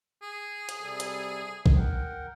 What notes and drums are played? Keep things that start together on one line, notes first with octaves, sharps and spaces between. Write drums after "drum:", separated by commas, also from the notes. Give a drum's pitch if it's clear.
G#4
drum: hi-hat
C3 G3 A4
drum: hi-hat
drum: kick B1
A#4 F#5 G5